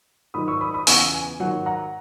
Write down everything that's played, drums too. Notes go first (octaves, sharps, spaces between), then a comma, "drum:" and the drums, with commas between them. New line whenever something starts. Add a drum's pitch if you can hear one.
G#2 D#3 F#3 B5 D#6
C#6 E6
B5 D#6
B5 D#6
E2 C#3 E3 C#6 E6, drum: open hi-hat
G#5
G#2 D#3 F#3 F#5
F#5 A#5